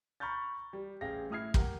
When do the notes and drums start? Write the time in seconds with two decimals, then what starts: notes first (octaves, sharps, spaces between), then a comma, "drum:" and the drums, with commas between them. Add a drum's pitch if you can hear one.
0.20 A#5 B5 C#6 F6 G6 A6
0.73 G3
1.01 A1 G#4 F5 G5 A#6
1.30 A2 E4 D#6 F6 G#6 C7
1.54 G4 A#4 F#5, drum: kick